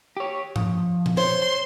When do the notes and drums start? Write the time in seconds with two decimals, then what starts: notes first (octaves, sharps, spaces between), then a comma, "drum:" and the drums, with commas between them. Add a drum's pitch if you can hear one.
0.17 G4 C#5
0.56 F3, drum: tom G#2
1.06 drum: tom A#2
1.17 C5 C#5 C6